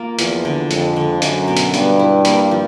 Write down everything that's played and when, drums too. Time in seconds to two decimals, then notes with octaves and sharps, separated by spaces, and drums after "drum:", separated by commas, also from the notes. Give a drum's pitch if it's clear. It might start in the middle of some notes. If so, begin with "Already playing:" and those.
Already playing: A#3 F4
0.19 E2 F3, drum: hi-hat
0.45 D3
0.71 F2 G#3, drum: hi-hat
0.96 D3
1.22 F#2 F#3, drum: hi-hat
1.47 B2
1.57 drum: hi-hat
1.74 G2 B3, drum: hi-hat
1.99 E4
2.25 A#3, drum: hi-hat
2.51 F3